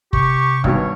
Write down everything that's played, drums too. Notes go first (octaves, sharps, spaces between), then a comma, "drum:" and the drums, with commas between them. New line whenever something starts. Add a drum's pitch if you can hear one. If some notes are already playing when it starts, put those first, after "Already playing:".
C3 G4 C#6, drum: kick
G#1 G2 B2 C#5, drum: kick